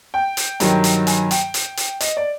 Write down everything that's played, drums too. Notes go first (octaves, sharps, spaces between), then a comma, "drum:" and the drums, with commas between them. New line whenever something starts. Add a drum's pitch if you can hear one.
G5
drum: hi-hat
G2 D#3 F#3, drum: hi-hat
drum: hi-hat
G#5, drum: hi-hat
G5, drum: hi-hat
drum: hi-hat
drum: hi-hat
D#5, drum: hi-hat
D5